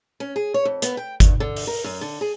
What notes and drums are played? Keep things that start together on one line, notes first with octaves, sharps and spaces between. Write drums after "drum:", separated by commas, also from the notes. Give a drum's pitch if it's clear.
C#4
G#4
C#5
F2
B3, drum: hi-hat
G5
G2, drum: kick G1, hi-hat
D3
drum: open hi-hat
A#4
F#2
D3
G#4